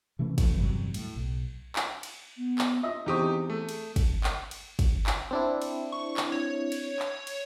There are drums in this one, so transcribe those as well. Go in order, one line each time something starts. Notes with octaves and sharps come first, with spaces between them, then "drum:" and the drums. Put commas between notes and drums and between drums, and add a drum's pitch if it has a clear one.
C3 E3 A3 C#4
E3 F3 A3, drum: kick, cymbal
E2 G2 C3 F#3
A2, drum: cymbal
B1
drum: clap
drum: cymbal
B3
drum: clap
F4 D#5 E5
E2 C4 D#4 G4 G#4 C#6 D#6
A3
drum: cymbal
drum: kick, cymbal
drum: clap
drum: cymbal
drum: kick, cymbal
drum: clap
C4 D4 E4
drum: cymbal
C#6
drum: clap
C#5
drum: cymbal
drum: clap
drum: cymbal